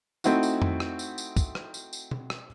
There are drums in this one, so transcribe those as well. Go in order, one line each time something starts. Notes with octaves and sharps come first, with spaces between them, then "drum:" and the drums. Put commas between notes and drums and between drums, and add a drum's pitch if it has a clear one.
A3 C4 D#4 E4 F#4, drum: tambourine
drum: tambourine
drum: tom F2
drum: rim click
drum: tambourine
drum: tambourine
drum: kick, tambourine
drum: rim click
drum: tambourine
drum: tambourine
drum: tom B2
drum: rim click